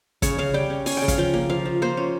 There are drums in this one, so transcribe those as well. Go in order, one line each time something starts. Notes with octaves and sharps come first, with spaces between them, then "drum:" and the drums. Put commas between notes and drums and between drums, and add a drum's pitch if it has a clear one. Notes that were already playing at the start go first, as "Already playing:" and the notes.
C#3 C#5, drum: kick, hi-hat
C#3 F5
G3 G5
C#4
C#4 G#5, drum: open hi-hat
C#3 G5
F5, drum: kick, hi-hat
F3 G5
A#3
F3 F5
F3
A#3 C5
C#4